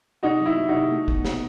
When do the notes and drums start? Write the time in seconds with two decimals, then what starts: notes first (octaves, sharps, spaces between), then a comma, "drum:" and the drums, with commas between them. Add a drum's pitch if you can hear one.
0.23 C3 D#4 F#4
0.40 F#3
0.46 E4
0.57 F#3
0.69 D#4 F#4
0.74 C3
0.91 A3
1.08 B2, drum: kick
1.25 B2, drum: snare